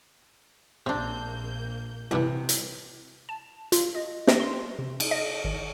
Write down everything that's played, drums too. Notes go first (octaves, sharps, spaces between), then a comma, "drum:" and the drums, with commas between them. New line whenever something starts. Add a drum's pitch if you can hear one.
A#1 C3 A#3 C4 D4 G6
C2 G2 C3 E3
drum: hi-hat
A5
F4, drum: hi-hat
D#5
A#6, drum: snare
C6
C3
drum: cymbal
D#5
G#1